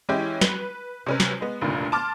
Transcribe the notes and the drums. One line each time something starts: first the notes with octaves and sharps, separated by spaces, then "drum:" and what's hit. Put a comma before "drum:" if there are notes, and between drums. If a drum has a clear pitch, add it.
E3 G#3 C#4 E4 G4
B4, drum: snare
C3 C#4 B4
drum: snare
G#3 B3
F1 D2 G2 A#2 D3 D#3
A5 C6 D6 F6 A6